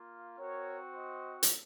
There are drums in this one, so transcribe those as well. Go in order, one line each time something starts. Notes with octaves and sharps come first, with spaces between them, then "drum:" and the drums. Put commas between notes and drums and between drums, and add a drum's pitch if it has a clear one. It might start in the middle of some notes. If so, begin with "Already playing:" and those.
Already playing: A#3 F4
C4 F#4 A#4 C#5
C5 D#5
drum: hi-hat